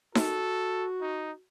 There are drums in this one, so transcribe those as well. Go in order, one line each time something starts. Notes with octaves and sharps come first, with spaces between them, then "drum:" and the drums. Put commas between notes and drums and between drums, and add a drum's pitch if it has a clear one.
F#4 A4, drum: snare D#4
D#4